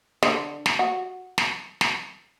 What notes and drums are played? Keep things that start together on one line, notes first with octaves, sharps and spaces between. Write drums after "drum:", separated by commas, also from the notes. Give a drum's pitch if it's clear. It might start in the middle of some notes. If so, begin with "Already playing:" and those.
D3, drum: snare
drum: snare
F#4
drum: snare
drum: snare